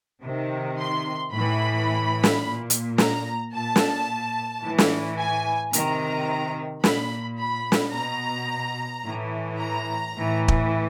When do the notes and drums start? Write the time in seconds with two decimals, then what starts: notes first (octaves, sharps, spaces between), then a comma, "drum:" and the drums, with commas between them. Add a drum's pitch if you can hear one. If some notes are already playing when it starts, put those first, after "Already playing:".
0.23 C3 D#3
0.78 C6
1.33 A2 E3 B5
2.23 drum: snare
2.43 A#2
2.70 drum: hi-hat
2.98 A#5, drum: snare
3.53 A#2 A5
3.76 drum: snare
4.63 A2 E3
4.78 drum: snare
5.18 G#5
5.73 C3 D#3 A#5, drum: hi-hat
6.84 A#2 B5, drum: snare
7.39 B5
7.72 drum: snare
7.94 B2 A#5
9.04 A2 E3
9.59 A#5
10.14 A2 E3
10.48 drum: kick